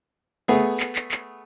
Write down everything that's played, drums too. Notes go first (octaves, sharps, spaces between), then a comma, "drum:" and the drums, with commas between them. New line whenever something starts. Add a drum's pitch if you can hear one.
A3 B3 G#4
drum: clap
drum: clap
drum: clap